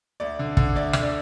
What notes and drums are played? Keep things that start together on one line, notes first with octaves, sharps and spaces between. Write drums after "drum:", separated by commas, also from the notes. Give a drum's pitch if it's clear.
D2 D5
D3
D3, drum: kick
D2 D5
D3, drum: rim click
D5